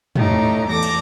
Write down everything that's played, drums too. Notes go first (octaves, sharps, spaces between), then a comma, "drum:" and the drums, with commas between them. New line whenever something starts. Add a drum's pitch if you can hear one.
A2 A3 D#4 G4 A#5, drum: tom
E2 A4 D6 A#6
drum: cymbal